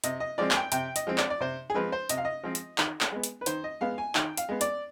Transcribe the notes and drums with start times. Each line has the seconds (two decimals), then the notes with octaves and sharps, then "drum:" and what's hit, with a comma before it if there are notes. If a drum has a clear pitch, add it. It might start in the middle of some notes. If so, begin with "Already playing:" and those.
0.04 C3 D#5, drum: hi-hat
0.20 D#5
0.38 F3 G#3 C4 D5
0.51 G#5, drum: clap
0.55 G5
0.72 C3 G5, drum: hi-hat
0.96 D#5, drum: hi-hat
1.07 F3 G#3 C4
1.18 D5, drum: clap
1.30 D5
1.40 C3 C5
1.70 G#4
1.74 F3 G#3 C4 B4
1.92 C5
2.09 C3 D#5, drum: hi-hat
2.17 F5
2.25 D#5
2.44 F3 G#3 C4
2.55 drum: hi-hat
2.78 D#3, drum: clap
3.01 drum: clap
3.12 G#3 B3
3.24 drum: hi-hat
3.41 B4
3.46 D#3 C5, drum: hi-hat
3.64 D#5
3.81 G#3 B3 F5
3.98 G#5
4.15 D#3 G5, drum: clap
4.37 F5, drum: hi-hat
4.49 G#3 B3
4.61 D5, drum: hi-hat